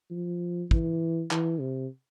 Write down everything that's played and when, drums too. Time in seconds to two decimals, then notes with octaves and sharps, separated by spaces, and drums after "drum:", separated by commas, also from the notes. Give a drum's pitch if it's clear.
0.11 F3
0.71 E3, drum: kick
1.31 E3, drum: clap
1.60 C3